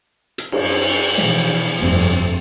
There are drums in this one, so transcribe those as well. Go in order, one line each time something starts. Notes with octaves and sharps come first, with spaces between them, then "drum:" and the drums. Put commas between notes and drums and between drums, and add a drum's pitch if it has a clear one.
drum: hi-hat
F#2, drum: cymbal
B2 E3 F3, drum: snare
G1 F2 C3 F3 A3 C4